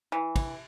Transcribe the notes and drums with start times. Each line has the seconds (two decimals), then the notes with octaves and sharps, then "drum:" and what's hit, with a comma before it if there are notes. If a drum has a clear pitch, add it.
0.12 E3
0.36 drum: kick, cymbal